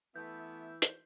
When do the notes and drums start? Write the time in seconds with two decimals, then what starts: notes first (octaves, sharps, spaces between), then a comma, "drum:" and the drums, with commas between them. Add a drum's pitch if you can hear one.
0.16 E3 A3 B3 E4 E5 G6
0.82 drum: hi-hat